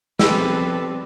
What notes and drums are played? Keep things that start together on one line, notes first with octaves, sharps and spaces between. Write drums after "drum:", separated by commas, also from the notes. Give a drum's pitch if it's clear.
F3 G3 B3 C4 G4 A4 B4 E6, drum: snare